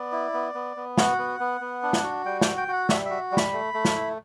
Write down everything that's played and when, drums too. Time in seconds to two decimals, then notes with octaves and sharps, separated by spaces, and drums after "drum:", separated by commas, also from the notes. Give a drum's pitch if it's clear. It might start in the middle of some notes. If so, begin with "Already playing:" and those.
Already playing: B3 D5
0.12 E4
0.34 B3
0.54 B3
0.77 B3
0.98 F#4 F#5, drum: snare
1.18 B3
1.40 B3
1.61 B3
1.83 D4
1.93 drum: snare
2.04 F#4
2.25 G3 G5
2.41 G5, drum: snare
2.47 F#4
2.57 G5
2.68 F#4 F#5
2.89 G3 E5, drum: snare
3.05 F#4 E5
3.32 G3
3.37 B5, drum: snare
3.53 A3
3.74 A3
3.85 drum: snare
3.95 E4